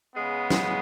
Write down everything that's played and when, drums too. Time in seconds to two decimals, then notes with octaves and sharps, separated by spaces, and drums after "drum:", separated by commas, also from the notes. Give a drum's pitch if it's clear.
0.14 C#3 G#3 B3
0.50 drum: snare